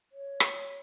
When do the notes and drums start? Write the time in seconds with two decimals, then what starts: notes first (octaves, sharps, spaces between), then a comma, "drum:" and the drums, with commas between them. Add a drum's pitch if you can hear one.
0.12 C#5
0.40 drum: rim click